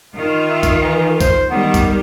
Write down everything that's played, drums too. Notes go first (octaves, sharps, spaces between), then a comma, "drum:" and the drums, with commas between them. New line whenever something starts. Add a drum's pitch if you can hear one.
D#3 F4
E5
drum: kick B1, tambourine
E3
C5, drum: kick B1, tambourine
D#3 G3 B3
drum: kick B1, tambourine